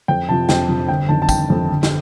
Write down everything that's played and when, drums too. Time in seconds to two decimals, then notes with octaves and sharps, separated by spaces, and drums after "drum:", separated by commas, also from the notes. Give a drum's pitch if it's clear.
0.08 F2 G5
0.29 C3 F3 A5
0.49 F2 G5, drum: snare
0.68 C3 F3
0.88 G1 G5
1.09 F2 D#3 A5
1.22 A5
1.29 G1 G5, drum: kick, tambourine
1.50 F2 D#3
1.70 G1
1.83 drum: snare